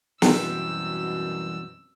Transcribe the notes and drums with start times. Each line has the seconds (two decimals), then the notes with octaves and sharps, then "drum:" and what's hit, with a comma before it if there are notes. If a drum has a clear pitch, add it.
0.22 F#2 B2 E3 G3 C4 E6, drum: snare